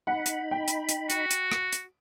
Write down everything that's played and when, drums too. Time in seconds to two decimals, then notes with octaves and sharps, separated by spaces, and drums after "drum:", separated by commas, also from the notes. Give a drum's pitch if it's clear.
0.07 D#4 F#5 B5
0.26 drum: hi-hat
0.51 G5
0.68 drum: hi-hat
0.89 drum: hi-hat
1.10 F#4, drum: hi-hat
1.31 drum: hi-hat
1.52 drum: rim click
1.72 drum: hi-hat